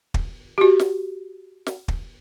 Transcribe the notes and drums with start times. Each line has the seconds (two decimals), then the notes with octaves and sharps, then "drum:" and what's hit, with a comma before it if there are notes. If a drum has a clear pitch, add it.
0.14 drum: kick
0.58 F#4 G4
0.79 drum: snare
1.67 drum: snare
1.88 drum: kick